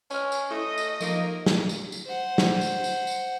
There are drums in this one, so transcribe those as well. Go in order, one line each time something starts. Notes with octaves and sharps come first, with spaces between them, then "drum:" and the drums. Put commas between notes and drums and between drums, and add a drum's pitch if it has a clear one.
C#4 G#5 F6, drum: tambourine
drum: tambourine
A3 E4 D#5 D#6
drum: tambourine
F3 A3 A#3 D#4, drum: tambourine
drum: snare
drum: tambourine
drum: tambourine
C5 F#5
drum: snare
drum: tambourine
drum: tambourine
drum: tambourine